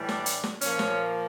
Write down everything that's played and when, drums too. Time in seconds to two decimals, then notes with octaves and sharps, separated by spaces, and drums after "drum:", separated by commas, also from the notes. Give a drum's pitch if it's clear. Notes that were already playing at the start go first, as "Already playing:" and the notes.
Already playing: A2 E3 G3
0.09 D4, drum: snare
0.26 drum: hi-hat
0.44 drum: snare
0.61 A#2 F3 A#3 C#4, drum: hi-hat
0.79 drum: snare